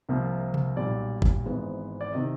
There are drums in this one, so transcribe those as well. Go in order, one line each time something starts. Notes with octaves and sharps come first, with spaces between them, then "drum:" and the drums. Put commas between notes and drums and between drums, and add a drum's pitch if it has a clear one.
C2 C3 F3 A#3
drum: tom C3
B1 A#2 G3 D5
drum: kick G#1
G#1 G#2 E3 G#3 B3
D5
C3 D#3 D#5